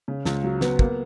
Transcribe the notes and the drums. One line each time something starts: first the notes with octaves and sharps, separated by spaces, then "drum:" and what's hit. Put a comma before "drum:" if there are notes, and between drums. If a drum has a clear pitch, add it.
C#3
C#2, drum: snare
F#3
B3, drum: snare
A#3, drum: kick